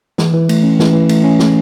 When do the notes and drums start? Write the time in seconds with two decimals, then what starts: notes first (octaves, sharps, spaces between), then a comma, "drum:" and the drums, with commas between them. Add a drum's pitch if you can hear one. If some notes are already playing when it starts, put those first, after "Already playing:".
0.18 E3, drum: snare
0.34 E3
0.49 A3, drum: cymbal
0.63 C#4
0.79 E3, drum: snare
0.93 E3
1.09 A3, drum: cymbal
1.24 C#4
1.39 drum: snare